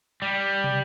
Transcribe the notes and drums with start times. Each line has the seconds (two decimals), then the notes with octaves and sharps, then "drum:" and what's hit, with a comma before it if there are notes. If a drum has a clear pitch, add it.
0.22 G3
0.64 drum: tom